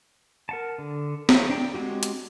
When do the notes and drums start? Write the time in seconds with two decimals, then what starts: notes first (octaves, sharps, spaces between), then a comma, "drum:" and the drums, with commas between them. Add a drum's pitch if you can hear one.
0.49 A#4 F#5 A5
0.78 D3
1.29 E4 C5, drum: snare
1.50 D4 G5 A#5
1.74 G#3 C4 F#4 G4
2.03 drum: hi-hat